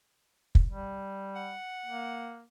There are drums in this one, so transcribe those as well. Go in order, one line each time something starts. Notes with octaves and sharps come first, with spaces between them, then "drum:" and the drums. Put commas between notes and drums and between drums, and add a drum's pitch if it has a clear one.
drum: kick
G3
F#5
A#3